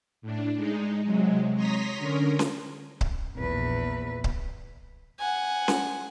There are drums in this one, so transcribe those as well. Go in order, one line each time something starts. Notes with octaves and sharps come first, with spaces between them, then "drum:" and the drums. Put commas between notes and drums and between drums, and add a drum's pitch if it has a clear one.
A2 D4
G#3 D#4
C3 F#3 G#3
C#5 A#5 C6 D#6 A#6 B6
D3 C#4 A#4
drum: snare C#4
drum: kick C#1
A#1 E2 B4
drum: kick C#1
F#5 G#5
drum: snare C#4